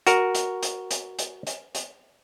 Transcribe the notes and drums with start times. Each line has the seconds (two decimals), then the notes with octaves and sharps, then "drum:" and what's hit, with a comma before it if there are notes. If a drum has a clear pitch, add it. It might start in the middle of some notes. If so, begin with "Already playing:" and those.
0.07 F#4 A#4, drum: hi-hat
0.35 drum: hi-hat
0.63 drum: hi-hat
0.91 drum: hi-hat
1.19 drum: hi-hat
1.47 drum: hi-hat
1.75 drum: hi-hat